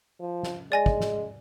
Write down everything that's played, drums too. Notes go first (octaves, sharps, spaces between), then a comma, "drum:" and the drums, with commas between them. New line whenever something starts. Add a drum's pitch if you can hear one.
F3
drum: snare
G#3 D5 G#5 A#6
drum: kick
drum: snare